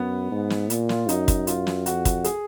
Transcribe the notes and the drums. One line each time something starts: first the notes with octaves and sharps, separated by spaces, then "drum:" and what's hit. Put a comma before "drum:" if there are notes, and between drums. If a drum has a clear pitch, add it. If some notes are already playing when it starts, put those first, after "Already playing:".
Already playing: F#2 B3
G#2
drum: snare
A#2, drum: hi-hat
F4, drum: snare
F#2 D#4, drum: hi-hat
drum: kick, hi-hat
F4, drum: hi-hat
drum: snare
F2 F#4, drum: hi-hat
drum: kick, hi-hat
G#4, drum: hi-hat